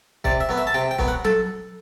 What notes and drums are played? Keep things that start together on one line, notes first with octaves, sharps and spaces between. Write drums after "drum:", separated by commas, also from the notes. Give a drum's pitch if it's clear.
C3 D5, drum: kick
E5
F#3 B3
E5
A5
C3 G5
G5
F#3 B3, drum: kick
F#5
A4, drum: tom F#3